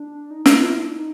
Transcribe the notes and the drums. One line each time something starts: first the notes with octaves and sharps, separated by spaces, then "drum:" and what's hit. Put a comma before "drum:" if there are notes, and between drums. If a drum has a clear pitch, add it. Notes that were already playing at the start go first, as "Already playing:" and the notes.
Already playing: D4
D#4
drum: snare
E4
F4
E4
D4
D#4